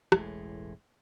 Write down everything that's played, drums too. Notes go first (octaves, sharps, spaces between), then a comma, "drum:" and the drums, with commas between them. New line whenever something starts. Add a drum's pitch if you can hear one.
E1 A1 A2 G#3, drum: rim click